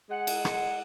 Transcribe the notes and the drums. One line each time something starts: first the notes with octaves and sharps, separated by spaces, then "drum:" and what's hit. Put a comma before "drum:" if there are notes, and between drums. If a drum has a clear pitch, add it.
G#3 F#5
drum: cymbal
drum: rim click